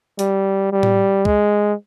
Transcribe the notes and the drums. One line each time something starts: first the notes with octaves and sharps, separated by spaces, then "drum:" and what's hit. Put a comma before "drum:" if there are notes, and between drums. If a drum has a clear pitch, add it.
G3, drum: hi-hat
G3
drum: tom A2
G#3, drum: kick C#2